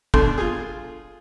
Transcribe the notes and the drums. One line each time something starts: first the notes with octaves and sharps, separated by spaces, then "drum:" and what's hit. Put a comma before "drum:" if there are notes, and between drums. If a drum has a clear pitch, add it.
B2 D4 A4 C6, drum: kick
F4 G#4